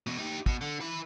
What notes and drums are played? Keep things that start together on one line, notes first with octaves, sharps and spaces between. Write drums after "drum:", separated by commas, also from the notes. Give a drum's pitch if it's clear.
E2 B2
D#4 G4
B2, drum: kick
D3
E3 B4